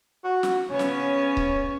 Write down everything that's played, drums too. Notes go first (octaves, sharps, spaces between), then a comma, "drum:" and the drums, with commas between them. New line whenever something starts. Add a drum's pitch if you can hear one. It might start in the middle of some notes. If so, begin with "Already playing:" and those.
F#4
drum: snare
C#3 B3 C#4 C#5
drum: snare
drum: kick C#1